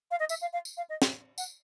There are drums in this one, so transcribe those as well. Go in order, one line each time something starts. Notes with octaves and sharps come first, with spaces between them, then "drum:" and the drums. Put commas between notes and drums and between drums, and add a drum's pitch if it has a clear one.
F5
D#5
E5, drum: tambourine
F5
F5
drum: tambourine
F5
D#5
drum: snare
F#5, drum: tambourine